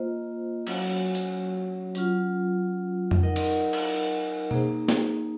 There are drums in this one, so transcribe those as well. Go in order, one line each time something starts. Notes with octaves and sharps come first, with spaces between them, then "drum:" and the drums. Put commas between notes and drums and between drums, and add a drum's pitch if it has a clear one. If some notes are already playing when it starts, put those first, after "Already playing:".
Already playing: A#3 F4 C5 D#5
F#3 C#4 F#4 C#5, drum: cymbal
drum: hi-hat
F#3 C#4 F4, drum: hi-hat
drum: tom
D#4 A#4 D#5 F#5
drum: cymbal
drum: cymbal
A#3 D#4 G#4 C5, drum: tom B2
drum: snare